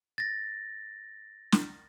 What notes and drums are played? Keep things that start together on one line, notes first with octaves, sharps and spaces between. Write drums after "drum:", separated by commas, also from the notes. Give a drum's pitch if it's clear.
A6 A#6
drum: snare